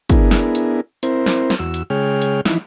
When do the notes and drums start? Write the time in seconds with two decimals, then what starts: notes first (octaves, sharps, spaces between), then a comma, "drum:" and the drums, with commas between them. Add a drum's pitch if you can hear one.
0.10 B3 D4 E4 G#4 A#4, drum: kick, hi-hat
0.31 drum: snare
0.55 drum: hi-hat
1.03 C4 E4 A#4 C5, drum: hi-hat
1.26 drum: snare
1.50 drum: snare
1.59 E2 F#4 E6
1.74 drum: hi-hat
1.90 C#3 G#3 G#4 C#5 G5 F6
2.22 drum: hi-hat
2.45 E3 F3 D#4 E4, drum: snare